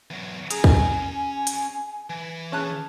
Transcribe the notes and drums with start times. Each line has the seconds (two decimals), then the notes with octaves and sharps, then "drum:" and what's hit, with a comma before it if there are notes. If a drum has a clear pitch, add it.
0.10 E2 F#3
0.51 C#4 G#4 G#5 A#5, drum: hi-hat
0.64 drum: kick
1.47 drum: hi-hat
2.10 E3
2.52 C#4 G#4 A5 F#6